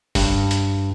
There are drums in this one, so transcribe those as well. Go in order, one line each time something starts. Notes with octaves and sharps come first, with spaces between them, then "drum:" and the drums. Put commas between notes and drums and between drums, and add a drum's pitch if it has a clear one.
G2, drum: kick, open hi-hat
drum: hi-hat